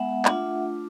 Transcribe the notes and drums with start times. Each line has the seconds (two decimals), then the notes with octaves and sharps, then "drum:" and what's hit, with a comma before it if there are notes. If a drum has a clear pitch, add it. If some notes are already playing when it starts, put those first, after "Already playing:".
Already playing: G#3 B3 E5 F#5
0.25 A3 D4 F4, drum: clap